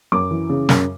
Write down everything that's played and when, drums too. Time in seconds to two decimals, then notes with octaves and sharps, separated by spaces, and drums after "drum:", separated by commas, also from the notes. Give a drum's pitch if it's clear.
0.12 F#2 D6
0.31 E3
0.50 C#3
0.69 F#2, drum: snare